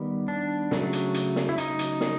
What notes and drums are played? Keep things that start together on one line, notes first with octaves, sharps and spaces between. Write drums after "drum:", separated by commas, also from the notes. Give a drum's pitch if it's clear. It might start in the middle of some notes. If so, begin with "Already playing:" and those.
Already playing: D#3 G3 B3
D4
C#3 F#3 A3, drum: snare
drum: hi-hat
drum: hi-hat
drum: snare
E4
D#4, drum: hi-hat
drum: hi-hat
drum: snare